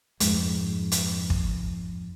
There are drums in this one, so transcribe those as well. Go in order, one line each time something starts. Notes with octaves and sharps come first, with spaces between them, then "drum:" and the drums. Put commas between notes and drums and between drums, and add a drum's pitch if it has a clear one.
F2 G#2 G#3, drum: hi-hat
drum: hi-hat
drum: kick